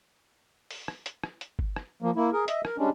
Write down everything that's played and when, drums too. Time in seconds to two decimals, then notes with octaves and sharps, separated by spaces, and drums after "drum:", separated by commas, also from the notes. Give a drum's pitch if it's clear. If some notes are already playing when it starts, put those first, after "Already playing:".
0.71 drum: open hi-hat
0.88 drum: rim click
1.06 drum: hi-hat
1.23 drum: rim click
1.41 drum: hi-hat
1.59 drum: kick G1
1.76 drum: rim click
2.02 F3 A#3
2.16 A#3 E4
2.33 G#4 A#4
2.48 D#5 E5, drum: hi-hat
2.65 A#4, drum: rim click
2.78 G3 G#3 C#4 D4